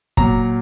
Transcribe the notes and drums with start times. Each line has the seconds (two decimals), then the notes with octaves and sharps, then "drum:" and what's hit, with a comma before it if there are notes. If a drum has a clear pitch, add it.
0.17 A#2 F#3 A#5, drum: kick